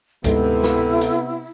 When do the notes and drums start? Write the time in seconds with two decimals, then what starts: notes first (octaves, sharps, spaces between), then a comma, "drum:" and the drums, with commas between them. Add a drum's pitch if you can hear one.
0.24 D2 G#2 C3 G#3 B3 E4 A4, drum: kick A1, hi-hat
0.63 drum: snare
1.01 drum: hi-hat